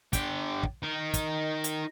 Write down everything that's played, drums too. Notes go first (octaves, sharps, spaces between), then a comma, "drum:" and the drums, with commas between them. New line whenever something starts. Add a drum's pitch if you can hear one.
D3 G4, drum: kick, hi-hat
drum: kick
D#4 A#4
drum: kick, hi-hat
drum: hi-hat